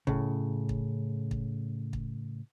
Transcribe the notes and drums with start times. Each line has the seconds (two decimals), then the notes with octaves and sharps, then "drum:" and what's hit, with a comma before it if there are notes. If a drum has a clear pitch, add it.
0.07 A2 C#3, drum: kick
0.69 drum: kick
1.31 drum: kick
1.93 drum: kick